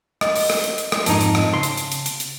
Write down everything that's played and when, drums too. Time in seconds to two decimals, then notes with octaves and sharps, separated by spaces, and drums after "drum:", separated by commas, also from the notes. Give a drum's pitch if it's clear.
0.21 D#5, drum: rim click
0.35 drum: open hi-hat
0.50 drum: rim click
0.64 drum: hi-hat
0.78 drum: hi-hat
0.92 drum: rim click
1.06 F2 G#2 D#4 A5, drum: hi-hat
1.21 drum: hi-hat
1.35 drum: rim click
1.54 C#3 C6
1.63 drum: hi-hat
1.77 drum: hi-hat
1.92 drum: hi-hat
2.06 drum: hi-hat
2.20 drum: hi-hat